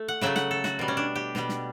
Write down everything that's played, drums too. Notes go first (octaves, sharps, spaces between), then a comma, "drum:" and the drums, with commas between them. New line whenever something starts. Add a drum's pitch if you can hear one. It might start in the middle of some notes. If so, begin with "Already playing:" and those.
Already playing: A3
F#5
C#3 F#3 A3 E5, drum: snare
F#5, drum: snare
A4
F#4, drum: snare
B2 G3
C#4
D4
G4
B2 G3, drum: snare
drum: snare